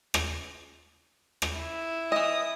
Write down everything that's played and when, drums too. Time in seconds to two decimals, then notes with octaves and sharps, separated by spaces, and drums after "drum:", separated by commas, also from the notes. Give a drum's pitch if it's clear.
0.14 drum: rim click
1.42 drum: rim click
1.58 E4
2.12 E3 D#5 D#6